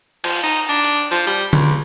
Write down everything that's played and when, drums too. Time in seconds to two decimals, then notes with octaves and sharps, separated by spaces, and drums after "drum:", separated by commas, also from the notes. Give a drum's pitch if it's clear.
0.24 F3, drum: cymbal
0.43 D#4
0.69 D4
0.84 drum: hi-hat
1.11 F3
1.27 G3
1.53 C#2, drum: tom D3